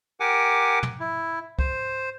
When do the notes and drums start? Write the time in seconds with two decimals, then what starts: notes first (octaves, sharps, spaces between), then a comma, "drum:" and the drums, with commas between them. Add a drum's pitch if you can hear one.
0.20 G4 A#4 F#5 G#5 D6
0.83 drum: tom
1.00 E4
1.59 C5, drum: kick